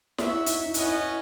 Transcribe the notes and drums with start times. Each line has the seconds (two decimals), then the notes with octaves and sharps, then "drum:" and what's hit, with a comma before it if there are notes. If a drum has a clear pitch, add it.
0.18 E4 F#4 C#5 E5, drum: snare E4
0.46 D#4, drum: hi-hat
0.56 E4
0.66 D#4
0.74 C#4 E4 F#4 B4 D#5, drum: hi-hat
0.86 D#4
0.97 E4